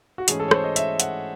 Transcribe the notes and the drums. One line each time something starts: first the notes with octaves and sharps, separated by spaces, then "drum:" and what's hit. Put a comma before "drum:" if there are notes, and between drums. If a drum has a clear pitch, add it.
F#4
G#2 E3 A3 C#4 G#4, drum: hi-hat
A4
C#5
C5, drum: rim click
D#5
E5, drum: hi-hat
F#5, drum: hi-hat